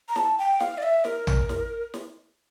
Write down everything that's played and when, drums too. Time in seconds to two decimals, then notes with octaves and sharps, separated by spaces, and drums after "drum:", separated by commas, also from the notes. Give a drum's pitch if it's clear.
0.09 A#5
0.16 A5, drum: snare
0.38 G5
0.60 F5, drum: snare
0.78 D5
0.83 E5
1.05 A#4, drum: snare
1.27 drum: tom A#1
1.49 drum: snare
1.94 drum: snare